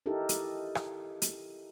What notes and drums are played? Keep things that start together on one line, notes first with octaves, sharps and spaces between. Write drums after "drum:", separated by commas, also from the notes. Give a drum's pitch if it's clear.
D#4 E4 G4 A4 A#4
drum: hi-hat
drum: rim click
drum: hi-hat